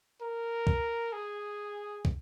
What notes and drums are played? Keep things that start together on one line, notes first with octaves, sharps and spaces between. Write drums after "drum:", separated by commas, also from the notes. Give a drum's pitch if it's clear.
A#4
drum: kick
G#4
drum: kick